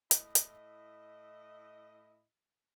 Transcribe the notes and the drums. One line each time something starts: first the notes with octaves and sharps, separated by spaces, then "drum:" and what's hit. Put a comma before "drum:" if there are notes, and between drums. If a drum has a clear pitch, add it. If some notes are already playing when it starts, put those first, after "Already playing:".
A2 E4 D#5, drum: hi-hat
drum: hi-hat